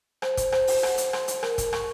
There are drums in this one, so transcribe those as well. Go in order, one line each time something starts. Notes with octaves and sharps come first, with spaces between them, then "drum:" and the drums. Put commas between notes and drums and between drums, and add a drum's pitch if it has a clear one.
C5, drum: rim click
drum: kick, hi-hat
C5, drum: rim click
drum: open hi-hat
F#5, drum: rim click
drum: hi-hat
C6, drum: rim click
drum: hi-hat
A#4, drum: rim click
drum: kick, hi-hat
C#6, drum: rim click